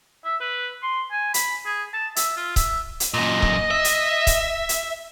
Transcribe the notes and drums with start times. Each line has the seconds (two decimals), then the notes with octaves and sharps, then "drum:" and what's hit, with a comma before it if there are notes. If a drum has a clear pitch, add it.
0.25 E5
0.41 B4
0.83 C6
1.12 G#5
1.34 B5, drum: hi-hat
1.66 G#4
1.93 A5
2.16 E5, drum: hi-hat
2.37 F4
2.56 E5, drum: kick C#1, hi-hat
3.00 drum: hi-hat
3.14 F#2 A#2 D#5
3.42 drum: kick C#1
3.71 E5
3.85 drum: hi-hat
4.27 drum: kick C#1, hi-hat
4.69 drum: hi-hat